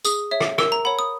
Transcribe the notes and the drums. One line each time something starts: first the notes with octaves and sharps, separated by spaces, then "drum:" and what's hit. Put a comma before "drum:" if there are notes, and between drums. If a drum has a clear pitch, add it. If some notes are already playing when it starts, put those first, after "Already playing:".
G#4 D#6, drum: tambourine
C#5 E5
drum: rim click
A#4 E6, drum: rim click
A#5
C#5 F#5 B5
D#6